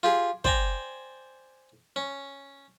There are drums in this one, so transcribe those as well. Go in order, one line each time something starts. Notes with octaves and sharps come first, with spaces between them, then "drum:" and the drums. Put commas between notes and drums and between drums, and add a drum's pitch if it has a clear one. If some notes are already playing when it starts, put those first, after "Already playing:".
F4 G4 G#4
C5 D5 G5 G#5 A#5, drum: kick
C#4